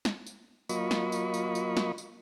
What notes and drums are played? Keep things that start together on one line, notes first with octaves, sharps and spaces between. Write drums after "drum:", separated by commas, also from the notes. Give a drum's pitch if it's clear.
drum: snare
drum: tambourine
F#3 A#3 F4 D#5 B5 C#6, drum: tambourine
drum: snare
drum: tambourine
drum: tambourine
drum: tambourine
drum: snare
drum: tambourine